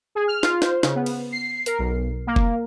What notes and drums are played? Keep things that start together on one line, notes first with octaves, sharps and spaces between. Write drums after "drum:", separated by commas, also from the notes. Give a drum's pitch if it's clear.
G#4
F6
F4, drum: snare
C5, drum: snare
C#3, drum: snare
B3
drum: cymbal
C7
A#4, drum: hi-hat
B1
A#3
drum: kick F1